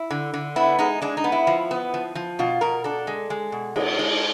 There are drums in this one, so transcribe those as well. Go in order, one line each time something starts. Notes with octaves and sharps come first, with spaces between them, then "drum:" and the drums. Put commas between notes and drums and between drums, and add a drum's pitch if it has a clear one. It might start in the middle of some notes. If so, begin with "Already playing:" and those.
Already playing: E4
D3
D3
B3 E4
G#3 D#4
G#3 D4
D#4
B3
E4
F3
B3
F3
F3
B2 F4
B2 A#4
D4 A4
G#3
G#3
B2
G#3, drum: cymbal
G#3